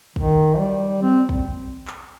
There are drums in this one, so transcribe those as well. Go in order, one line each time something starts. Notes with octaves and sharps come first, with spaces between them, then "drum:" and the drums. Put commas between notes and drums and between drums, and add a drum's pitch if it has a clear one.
D#3, drum: kick
G3
C4
drum: kick
drum: clap